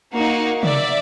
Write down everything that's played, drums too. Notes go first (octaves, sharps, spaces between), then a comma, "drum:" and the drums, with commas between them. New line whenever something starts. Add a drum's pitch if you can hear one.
A#3 D#4 F#4
D5 E5, drum: tom